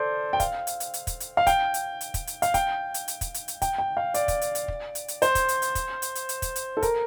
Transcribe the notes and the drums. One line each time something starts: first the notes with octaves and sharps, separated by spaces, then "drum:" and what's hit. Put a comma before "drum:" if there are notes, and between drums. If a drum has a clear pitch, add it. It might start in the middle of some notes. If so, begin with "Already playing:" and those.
Already playing: A4 C5 D5
G5
F5, drum: kick, hi-hat
drum: hi-hat
drum: hi-hat
drum: hi-hat
drum: kick, hi-hat
drum: hi-hat
F5
G5, drum: kick, hi-hat
drum: hi-hat
drum: hi-hat
drum: kick, hi-hat
drum: hi-hat
F5, drum: hi-hat
G5, drum: kick, hi-hat
drum: hi-hat
drum: hi-hat
drum: kick, hi-hat
drum: hi-hat
drum: hi-hat
G5, drum: kick, hi-hat
G5
F5
D5, drum: hi-hat
drum: kick, hi-hat
drum: hi-hat
drum: hi-hat
drum: kick
drum: hi-hat
drum: hi-hat
C5, drum: hi-hat
drum: kick, hi-hat
drum: hi-hat
drum: hi-hat
drum: kick, hi-hat
drum: hi-hat
drum: hi-hat
drum: hi-hat
drum: kick, hi-hat
drum: hi-hat
A4
A#4, drum: kick, hi-hat